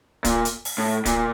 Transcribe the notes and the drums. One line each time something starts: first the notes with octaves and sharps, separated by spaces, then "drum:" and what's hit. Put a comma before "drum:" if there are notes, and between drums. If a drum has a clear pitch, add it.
A#2, drum: kick, hi-hat
drum: hi-hat
drum: open hi-hat
A2
A#2, drum: kick, hi-hat